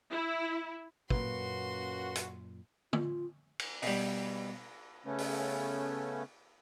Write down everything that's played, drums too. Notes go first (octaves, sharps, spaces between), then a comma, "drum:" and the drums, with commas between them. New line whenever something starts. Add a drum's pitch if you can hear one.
E4
F#2 A#2 A#3 C#4 F#4 B4 C6, drum: kick
drum: hi-hat
F4, drum: tom
drum: cymbal
B2 G3, drum: open hi-hat
C#3 A3 B3 C#4
drum: open hi-hat